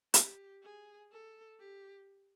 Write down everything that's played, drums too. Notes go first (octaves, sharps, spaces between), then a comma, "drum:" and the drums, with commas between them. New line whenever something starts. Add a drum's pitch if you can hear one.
G4, drum: hi-hat
G#4
A4
G4